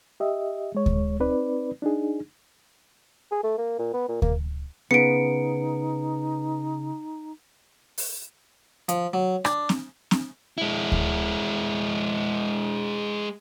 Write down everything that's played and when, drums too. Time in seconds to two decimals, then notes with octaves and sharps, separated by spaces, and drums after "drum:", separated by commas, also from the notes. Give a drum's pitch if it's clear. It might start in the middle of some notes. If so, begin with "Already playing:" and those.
0.20 G4 D#5 E5
0.75 G#3 C#5
0.86 drum: kick D2
1.20 C4 D#4 B4 D5
1.82 D4 D#4 G#4
3.32 G#4
3.43 A3
3.58 A#3
3.79 A#2
3.94 B3
4.08 A#2
4.22 A#3, drum: kick D2
4.91 C#3 B3 D#4 C#7 D7
7.98 drum: open hi-hat
8.89 F3, drum: hi-hat
9.13 F#3
9.45 D4, drum: rim click
9.69 drum: snare C4
10.11 drum: snare C4
10.58 G#3 E4
10.92 drum: kick D2